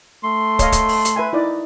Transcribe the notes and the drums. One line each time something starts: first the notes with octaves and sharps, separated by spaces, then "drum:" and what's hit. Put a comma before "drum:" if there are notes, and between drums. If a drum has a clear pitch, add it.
A3 C6
C#5 D#5 F5, drum: kick, hi-hat
drum: kick, hi-hat
drum: open hi-hat
drum: hi-hat
B4 E5 G#5
D#4 E4 D5